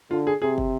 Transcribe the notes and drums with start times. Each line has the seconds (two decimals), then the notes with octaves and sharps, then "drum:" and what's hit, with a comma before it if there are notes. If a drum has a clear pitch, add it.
0.11 D3 F4
0.27 G#4
0.42 C3 G#4
0.58 drum: kick